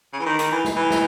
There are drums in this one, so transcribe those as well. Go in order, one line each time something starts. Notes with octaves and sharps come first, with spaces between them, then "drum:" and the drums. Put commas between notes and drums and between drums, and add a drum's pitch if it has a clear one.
C#3
E3
D#3
D#3, drum: hi-hat
E3
drum: snare
E3
drum: snare